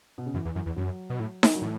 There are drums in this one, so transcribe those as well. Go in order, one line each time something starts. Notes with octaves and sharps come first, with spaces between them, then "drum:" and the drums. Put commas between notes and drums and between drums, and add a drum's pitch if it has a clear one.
B2
C#3
F#2 E3
E2
F#2
E2
F#2 F#3
B2
A2
drum: snare D#4
F#3
A2 E3